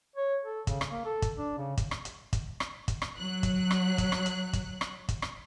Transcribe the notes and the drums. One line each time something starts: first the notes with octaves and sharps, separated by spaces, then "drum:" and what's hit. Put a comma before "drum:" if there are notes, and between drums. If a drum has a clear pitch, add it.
C#5
A4
C#3, drum: kick, hi-hat
drum: rim click
A#3
A4
drum: kick, hi-hat
D4
C#3
drum: kick, hi-hat
drum: rim click
drum: hi-hat
drum: kick, hi-hat
drum: rim click
drum: kick, hi-hat
drum: rim click
F#3 F#6
drum: kick, hi-hat
drum: rim click
drum: kick, hi-hat
drum: rim click
drum: hi-hat
drum: kick, hi-hat
drum: rim click
drum: kick, hi-hat
drum: rim click